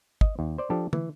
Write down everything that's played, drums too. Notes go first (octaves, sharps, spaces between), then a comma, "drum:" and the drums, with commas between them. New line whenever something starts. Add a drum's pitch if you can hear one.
D#5, drum: kick
D#2
C5 D5
F3 D4 G4 A4
E3, drum: tom